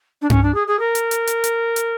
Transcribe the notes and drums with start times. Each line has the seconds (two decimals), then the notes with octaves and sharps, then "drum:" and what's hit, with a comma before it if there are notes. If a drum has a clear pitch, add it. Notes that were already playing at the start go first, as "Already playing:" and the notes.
0.21 D4
0.30 C#4, drum: tom G2
0.43 D4
0.54 G#4
0.67 G#4
0.79 A#4
0.95 drum: hi-hat
1.11 drum: hi-hat
1.27 drum: hi-hat
1.44 drum: hi-hat
1.76 drum: hi-hat